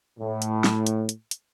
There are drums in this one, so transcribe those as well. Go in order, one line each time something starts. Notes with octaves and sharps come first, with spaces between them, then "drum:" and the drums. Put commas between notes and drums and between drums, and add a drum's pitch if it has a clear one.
A2
drum: hi-hat
drum: snare
drum: hi-hat
drum: hi-hat
drum: hi-hat